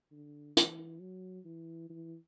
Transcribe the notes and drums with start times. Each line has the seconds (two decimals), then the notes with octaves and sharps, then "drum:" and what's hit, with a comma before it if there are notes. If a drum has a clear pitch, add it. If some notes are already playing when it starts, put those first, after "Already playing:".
0.12 D3
0.57 E3, drum: hi-hat
1.00 F#3
1.45 E3
1.90 E3